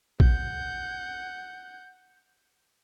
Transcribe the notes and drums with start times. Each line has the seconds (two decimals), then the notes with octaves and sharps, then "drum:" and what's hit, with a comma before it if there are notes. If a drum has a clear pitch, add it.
0.20 F#5 G6, drum: kick A#1